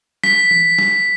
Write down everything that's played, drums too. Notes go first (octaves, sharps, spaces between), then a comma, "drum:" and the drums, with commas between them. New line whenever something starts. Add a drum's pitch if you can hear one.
B6, drum: snare
drum: tom E3
drum: snare